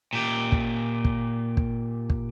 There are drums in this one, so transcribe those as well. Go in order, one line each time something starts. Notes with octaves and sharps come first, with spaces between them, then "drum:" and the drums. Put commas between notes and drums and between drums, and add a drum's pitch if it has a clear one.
A#2 G4
drum: kick
drum: kick
drum: kick
drum: kick